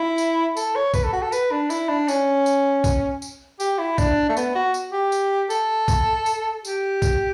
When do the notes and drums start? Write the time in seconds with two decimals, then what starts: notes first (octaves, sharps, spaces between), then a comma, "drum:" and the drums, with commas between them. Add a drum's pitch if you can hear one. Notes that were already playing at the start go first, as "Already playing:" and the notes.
Already playing: E4
0.18 drum: tambourine
0.57 A4, drum: tambourine
0.75 C#5
0.94 B4, drum: kick, tambourine
1.04 A4
1.13 F#4
1.22 A4
1.32 B4, drum: tambourine
1.51 D4
1.70 E4, drum: tambourine
1.89 D4
2.08 C#4, drum: tambourine
2.46 drum: tambourine
2.84 drum: kick, tambourine
3.22 drum: tambourine
3.60 G4, drum: tambourine
3.79 E4
3.98 D4, drum: kick, tambourine
4.30 A3
4.37 B3, drum: tambourine
4.55 F#4
4.74 drum: tambourine
4.92 G4
5.12 drum: tambourine
5.50 A4, drum: tambourine
5.88 drum: kick, tambourine
6.26 drum: tambourine
6.65 G4, drum: tambourine
7.02 drum: kick, tambourine